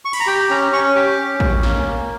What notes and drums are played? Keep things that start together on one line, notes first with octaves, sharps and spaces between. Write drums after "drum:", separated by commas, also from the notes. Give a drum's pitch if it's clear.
C#6
B5, drum: cymbal
A#5
G4 G5
C#4 A#5
C#4 C#6
G4 D6
C#4
C#4, drum: kick
A#3, drum: snare
A#3